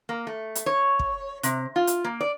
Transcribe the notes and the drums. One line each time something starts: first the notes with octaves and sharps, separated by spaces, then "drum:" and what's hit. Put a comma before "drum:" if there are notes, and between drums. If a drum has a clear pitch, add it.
A#3
A3
drum: hi-hat
C#5
drum: kick
C3, drum: hi-hat
F4
drum: hi-hat
A#3
D5